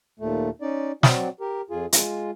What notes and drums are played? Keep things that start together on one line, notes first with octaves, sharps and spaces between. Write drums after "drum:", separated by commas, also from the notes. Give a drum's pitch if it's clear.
D#2 A#2 A3
C#4 D#4 D5
F#3 C4 F#4 D5, drum: snare
G4 A#4
F2 F4 G#4
G#3 F4, drum: hi-hat